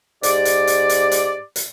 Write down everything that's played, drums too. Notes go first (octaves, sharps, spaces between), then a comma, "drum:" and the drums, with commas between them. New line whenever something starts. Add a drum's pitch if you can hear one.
G#2 G4 D5, drum: hi-hat
drum: hi-hat
drum: hi-hat
drum: hi-hat
drum: hi-hat
drum: hi-hat